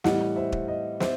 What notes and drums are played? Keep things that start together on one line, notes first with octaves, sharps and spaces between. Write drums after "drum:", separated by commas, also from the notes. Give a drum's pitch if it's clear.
A2 E3 G3 D#5 F#5, drum: snare
C5 E5
drum: kick D#1
D#5
C5 E5, drum: snare